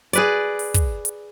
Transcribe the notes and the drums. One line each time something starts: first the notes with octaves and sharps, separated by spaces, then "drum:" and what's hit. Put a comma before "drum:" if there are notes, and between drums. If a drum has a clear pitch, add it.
G#4 B4 D5, drum: hi-hat
drum: open hi-hat
drum: kick, hi-hat
drum: hi-hat